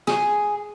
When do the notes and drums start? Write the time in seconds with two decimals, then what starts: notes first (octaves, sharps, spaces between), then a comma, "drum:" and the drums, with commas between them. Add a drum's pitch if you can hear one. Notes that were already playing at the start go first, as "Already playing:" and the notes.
0.07 G#4, drum: snare